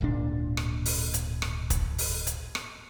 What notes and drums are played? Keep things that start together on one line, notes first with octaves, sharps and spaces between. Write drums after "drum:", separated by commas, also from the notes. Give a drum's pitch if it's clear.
D1 G#1 A#2 D4
drum: rim click
drum: open hi-hat
drum: hi-hat
drum: rim click
drum: kick, hi-hat
drum: open hi-hat
drum: hi-hat
drum: rim click